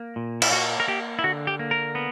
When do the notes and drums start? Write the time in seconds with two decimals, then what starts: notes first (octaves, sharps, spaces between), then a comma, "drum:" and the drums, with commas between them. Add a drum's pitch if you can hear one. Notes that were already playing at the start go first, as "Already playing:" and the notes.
Already playing: A#3
0.16 A#2
0.42 E4, drum: cymbal
0.52 A#3 F#4
0.80 A#4
0.88 A#3 G4
1.19 E4
1.24 D3 F#4
1.47 G4
1.59 A#3
1.71 A#4
1.95 B3